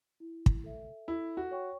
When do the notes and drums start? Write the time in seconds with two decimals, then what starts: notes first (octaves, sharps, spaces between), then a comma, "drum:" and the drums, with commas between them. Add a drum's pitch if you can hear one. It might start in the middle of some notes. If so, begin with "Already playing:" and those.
0.20 E4
0.46 drum: kick
0.64 A4 E5
1.08 E4 A4
1.37 F#4
1.51 C#5 G5 C#6